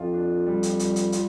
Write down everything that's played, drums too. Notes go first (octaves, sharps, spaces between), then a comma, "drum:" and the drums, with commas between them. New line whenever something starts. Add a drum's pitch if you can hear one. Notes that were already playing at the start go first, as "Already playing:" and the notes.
Already playing: F2 F4
D4
G3
drum: hi-hat
G3, drum: hi-hat
drum: hi-hat
F4, drum: hi-hat